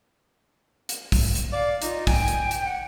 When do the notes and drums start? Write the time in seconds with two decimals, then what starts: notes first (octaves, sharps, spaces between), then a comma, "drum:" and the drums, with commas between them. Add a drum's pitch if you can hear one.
0.89 drum: hi-hat
1.12 drum: kick, open hi-hat
1.35 drum: hi-hat
1.53 D5 F5
1.82 D#4 F4, drum: hi-hat
2.07 G5 G#5, drum: kick, open hi-hat
2.28 drum: hi-hat
2.51 drum: hi-hat
2.65 F#5